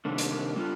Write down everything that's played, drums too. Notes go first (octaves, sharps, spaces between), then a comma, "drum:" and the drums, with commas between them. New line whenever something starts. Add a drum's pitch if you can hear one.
C3 D#3 G3 A#3 D4
drum: hi-hat
G3 D4 F4